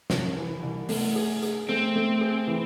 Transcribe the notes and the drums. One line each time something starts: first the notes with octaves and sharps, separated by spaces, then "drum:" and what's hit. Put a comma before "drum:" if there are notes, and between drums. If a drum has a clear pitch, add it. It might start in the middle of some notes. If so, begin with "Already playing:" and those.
C2, drum: snare
E3
C2
A3, drum: open hi-hat
G#4
G#4, drum: hi-hat
A3 C4
A3
G#4
E3